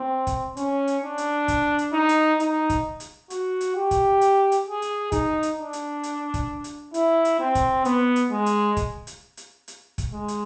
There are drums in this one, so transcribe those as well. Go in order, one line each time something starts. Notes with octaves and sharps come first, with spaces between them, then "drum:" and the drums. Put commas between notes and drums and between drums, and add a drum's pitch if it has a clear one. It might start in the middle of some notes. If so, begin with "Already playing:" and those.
Already playing: C4
drum: kick, hi-hat
C#4, drum: hi-hat
drum: hi-hat
D4
drum: hi-hat
drum: kick, hi-hat
drum: hi-hat
D#4
drum: hi-hat
D#4, drum: hi-hat
drum: kick, hi-hat
drum: hi-hat
F#4, drum: hi-hat
drum: hi-hat
G4
drum: kick, hi-hat
drum: hi-hat
drum: hi-hat
G#4
drum: hi-hat
D#4, drum: kick, hi-hat
drum: hi-hat
D4
drum: hi-hat
drum: hi-hat
drum: kick, hi-hat
drum: hi-hat
E4, drum: hi-hat
drum: hi-hat
C4
drum: kick, hi-hat
B3, drum: hi-hat
drum: hi-hat
G#3
drum: hi-hat
drum: kick, hi-hat
drum: hi-hat
drum: hi-hat
drum: hi-hat
drum: kick, hi-hat
G#3
drum: hi-hat